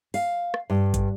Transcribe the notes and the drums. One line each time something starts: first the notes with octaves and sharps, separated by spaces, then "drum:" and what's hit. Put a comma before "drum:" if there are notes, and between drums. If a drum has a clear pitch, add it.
F5, drum: open hi-hat
drum: rim click
G2
drum: kick, hi-hat